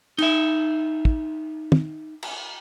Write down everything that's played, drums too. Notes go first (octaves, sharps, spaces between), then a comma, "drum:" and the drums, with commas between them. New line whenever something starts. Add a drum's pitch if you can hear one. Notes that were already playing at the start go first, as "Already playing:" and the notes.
D#4 E5, drum: cymbal
drum: kick
drum: tom
drum: cymbal